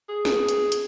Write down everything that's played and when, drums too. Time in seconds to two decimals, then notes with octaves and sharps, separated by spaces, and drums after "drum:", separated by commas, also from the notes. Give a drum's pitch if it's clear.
0.09 G#4
0.25 drum: snare
0.48 drum: hi-hat
0.72 drum: hi-hat